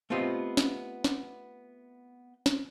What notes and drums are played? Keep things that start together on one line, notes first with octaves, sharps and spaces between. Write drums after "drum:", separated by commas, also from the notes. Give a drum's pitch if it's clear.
A3 B3 C4 F4 G4 D#5
drum: snare
drum: snare
drum: snare